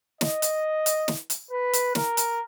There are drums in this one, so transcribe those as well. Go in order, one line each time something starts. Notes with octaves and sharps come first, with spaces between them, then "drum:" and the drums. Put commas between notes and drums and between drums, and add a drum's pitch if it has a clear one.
D#5, drum: snare
drum: hi-hat
drum: hi-hat
drum: snare
drum: hi-hat
B4
drum: hi-hat
A#4, drum: snare
drum: hi-hat